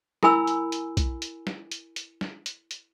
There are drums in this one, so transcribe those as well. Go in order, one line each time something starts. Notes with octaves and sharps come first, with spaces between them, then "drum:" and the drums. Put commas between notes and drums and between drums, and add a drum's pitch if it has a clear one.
E4 A#4 G#5 B5 E6, drum: snare
drum: hi-hat
drum: hi-hat
drum: kick B1, hi-hat
drum: hi-hat
drum: snare
drum: hi-hat
drum: hi-hat
drum: snare
drum: hi-hat
drum: hi-hat